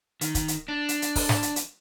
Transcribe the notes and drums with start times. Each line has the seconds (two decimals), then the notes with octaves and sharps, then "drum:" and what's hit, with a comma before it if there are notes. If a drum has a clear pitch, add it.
0.21 D#3, drum: hi-hat
0.35 drum: kick, hi-hat
0.48 drum: hi-hat
0.68 D4
0.89 drum: hi-hat
1.02 drum: hi-hat
1.16 drum: kick, open hi-hat
1.29 drum: snare
1.42 drum: hi-hat
1.56 drum: hi-hat